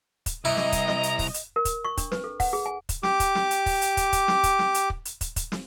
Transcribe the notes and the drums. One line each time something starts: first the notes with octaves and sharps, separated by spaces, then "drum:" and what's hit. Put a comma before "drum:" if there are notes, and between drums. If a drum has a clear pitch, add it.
drum: kick, hi-hat
C2 E4 D#5 A#5
drum: snare
drum: kick, hi-hat
drum: snare
drum: hi-hat
drum: kick, open hi-hat
drum: hi-hat
A#4
drum: kick, hi-hat
C#6
D4, drum: kick, hi-hat
B4, drum: snare
A4
F#5, drum: kick, open hi-hat
G#4
G#5
drum: kick, hi-hat
G4 D6, drum: snare
drum: kick, hi-hat
drum: snare
drum: hi-hat
drum: kick, open hi-hat
drum: hi-hat
drum: kick, hi-hat
drum: kick, hi-hat
drum: snare
drum: kick, hi-hat
drum: snare
drum: hi-hat
drum: kick
drum: hi-hat
drum: kick, hi-hat
drum: kick, hi-hat
drum: snare